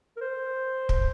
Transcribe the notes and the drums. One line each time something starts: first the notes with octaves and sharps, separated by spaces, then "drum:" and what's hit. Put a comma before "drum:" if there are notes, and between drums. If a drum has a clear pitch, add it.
A#4
C5
drum: kick